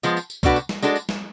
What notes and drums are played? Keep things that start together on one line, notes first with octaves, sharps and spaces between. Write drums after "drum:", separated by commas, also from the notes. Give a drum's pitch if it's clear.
F3 G#3 B3, drum: tambourine
drum: tambourine
drum: tambourine
B2 A3 D4 F#4 B4, drum: kick C2, tambourine
drum: tambourine
drum: snare G3
G#3 D4 F#4 A4, drum: tambourine
drum: tambourine
drum: snare G3